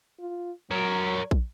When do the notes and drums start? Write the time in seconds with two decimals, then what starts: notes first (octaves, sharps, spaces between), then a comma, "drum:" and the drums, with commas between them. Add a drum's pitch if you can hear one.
0.20 F4
0.71 F#3 A#4 C#5
1.31 drum: kick